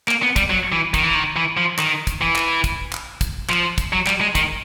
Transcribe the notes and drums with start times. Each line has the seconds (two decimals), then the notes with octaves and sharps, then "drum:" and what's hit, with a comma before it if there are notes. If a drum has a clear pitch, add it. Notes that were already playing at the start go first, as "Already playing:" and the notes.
0.08 A#3, drum: clap
0.22 B3
0.36 G3, drum: kick, hi-hat
0.50 F#3
0.72 E3
0.94 D#3, drum: kick, hi-hat
1.03 E3
1.15 D#3
1.36 E3
1.57 F3
1.78 D#3, drum: clap
2.07 drum: kick, hi-hat
2.21 E3
2.36 drum: clap
2.64 drum: kick, hi-hat
2.92 drum: clap
3.21 drum: kick, hi-hat
3.50 F3, drum: clap
3.78 drum: kick, hi-hat
3.93 F#3
4.07 G3, drum: clap
4.21 G#3
4.35 D#3, drum: kick, hi-hat